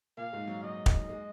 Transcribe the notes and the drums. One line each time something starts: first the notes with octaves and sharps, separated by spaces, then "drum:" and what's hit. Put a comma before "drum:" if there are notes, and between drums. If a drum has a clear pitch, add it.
A#2 A#3 F5
G#2 G#3
F#3
F#3 D#5
drum: kick
G#3